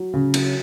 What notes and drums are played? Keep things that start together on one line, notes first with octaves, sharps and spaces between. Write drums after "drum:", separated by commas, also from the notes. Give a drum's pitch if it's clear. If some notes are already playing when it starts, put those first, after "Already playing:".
Already playing: F#3
C#3
F#3, drum: cymbal